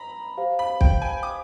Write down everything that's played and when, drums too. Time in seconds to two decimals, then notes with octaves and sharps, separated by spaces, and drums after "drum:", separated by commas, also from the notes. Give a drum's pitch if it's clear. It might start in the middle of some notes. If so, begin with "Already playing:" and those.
Already playing: A#5 B5
0.37 G4 C5 F5
0.59 B5
0.81 G5, drum: kick
1.02 G#5
1.23 D6